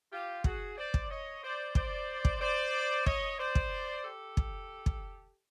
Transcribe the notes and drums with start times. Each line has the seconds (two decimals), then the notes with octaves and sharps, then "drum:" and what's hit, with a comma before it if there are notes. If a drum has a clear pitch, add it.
0.12 F4 G4
0.44 F#4 G#4, drum: kick
0.77 C5 D5
0.94 drum: kick
1.10 C#5 D#5
1.43 C5 D5
1.75 C5 D5, drum: kick
2.25 drum: kick
2.40 C5 D5
3.06 C#5 D#5, drum: kick
3.39 C5 D5
3.55 drum: kick
4.04 G4 A4
4.37 drum: kick
4.86 drum: kick